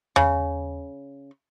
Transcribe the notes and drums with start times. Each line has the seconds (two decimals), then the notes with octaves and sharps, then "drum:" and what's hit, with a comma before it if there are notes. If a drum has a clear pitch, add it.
0.16 C#3, drum: tom E2